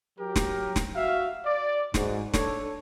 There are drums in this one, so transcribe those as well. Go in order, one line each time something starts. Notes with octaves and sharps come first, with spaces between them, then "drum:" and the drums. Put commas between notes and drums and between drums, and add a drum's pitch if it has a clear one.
F#3 G4 A#4
drum: snare
drum: snare
F#4 E5 F5
D5
G#2 F#4, drum: snare
D4 A4 C#5, drum: snare